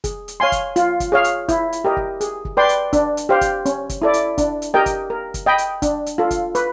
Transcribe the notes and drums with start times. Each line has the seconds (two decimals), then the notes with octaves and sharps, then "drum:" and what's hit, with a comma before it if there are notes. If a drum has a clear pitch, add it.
0.04 G#4, drum: kick, hi-hat
0.28 drum: hi-hat
0.40 C#5 F5 G#5 C6
0.52 drum: kick, hi-hat
0.76 F4, drum: hi-hat
1.00 drum: kick, hi-hat
1.12 G#4 C#5 F5
1.24 drum: hi-hat
1.49 E4, drum: kick, hi-hat
1.73 drum: hi-hat
1.85 G4 A#4 D#5
1.97 drum: kick
2.21 G#4, drum: hi-hat
2.45 drum: kick
2.57 B4 D5 G5 C6
2.69 drum: hi-hat
2.93 D4, drum: kick, hi-hat
3.17 drum: hi-hat
3.29 G4 C5 F5
3.41 drum: kick, hi-hat
3.66 C#4, drum: hi-hat
3.89 drum: kick, hi-hat
4.02 E4 A4 D5
4.14 drum: hi-hat
4.38 D4, drum: kick, hi-hat
4.62 drum: hi-hat
4.74 G4 A#4 D#5 G5
4.86 drum: kick, hi-hat
5.10 A#4
5.34 drum: kick, hi-hat
5.46 D#5 G5 B5
5.58 drum: hi-hat
5.82 D4, drum: kick, hi-hat
6.06 drum: hi-hat
6.18 F4 A4
6.31 drum: kick, hi-hat
6.55 B4, drum: hi-hat